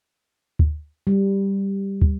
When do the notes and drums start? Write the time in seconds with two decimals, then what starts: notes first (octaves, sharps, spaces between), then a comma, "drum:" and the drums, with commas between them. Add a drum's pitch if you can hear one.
0.59 drum: kick
1.07 G3
2.02 drum: kick